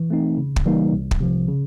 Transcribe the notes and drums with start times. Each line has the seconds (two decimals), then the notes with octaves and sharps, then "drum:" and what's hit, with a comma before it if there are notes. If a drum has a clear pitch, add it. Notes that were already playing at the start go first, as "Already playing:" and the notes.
Already playing: E3
0.10 A3 C4 D#4
0.37 C#3
0.56 drum: kick
0.66 E3 G3 A#3 D#4
0.93 C2
1.11 drum: kick
1.20 C3 F3
1.48 C#3